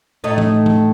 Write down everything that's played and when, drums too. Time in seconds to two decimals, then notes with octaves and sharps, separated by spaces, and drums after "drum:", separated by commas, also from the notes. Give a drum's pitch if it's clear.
0.24 A2 A3 D#4
0.38 drum: tom E3
0.66 drum: tom E3